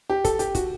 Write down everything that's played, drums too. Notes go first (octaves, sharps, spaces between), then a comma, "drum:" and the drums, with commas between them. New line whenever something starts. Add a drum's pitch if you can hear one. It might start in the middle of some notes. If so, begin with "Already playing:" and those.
G4
A4, drum: kick, hi-hat
G4, drum: hi-hat
F#4, drum: kick, hi-hat